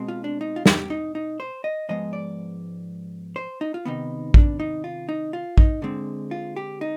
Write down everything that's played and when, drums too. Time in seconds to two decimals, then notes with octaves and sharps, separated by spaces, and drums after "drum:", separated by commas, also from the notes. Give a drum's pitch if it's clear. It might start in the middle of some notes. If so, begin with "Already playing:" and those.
Already playing: B2 G#3 C4
0.08 F4
0.24 D4
0.41 D#4
0.56 F4
0.66 G4, drum: snare
0.90 D#4
1.15 D#4
1.40 C5
1.64 D#5
1.89 G#2 F3 G#3 B3 D#5
2.13 D5
3.36 C5
3.61 D#4
3.74 F4
3.85 C3 D#3 B3 D#4
4.34 D4, drum: kick
4.60 D#4
4.84 F4
5.09 D#4
5.33 F4
5.58 D#4, drum: kick
5.82 D3 G#3 C4
6.31 F4
6.56 G4
6.81 D#4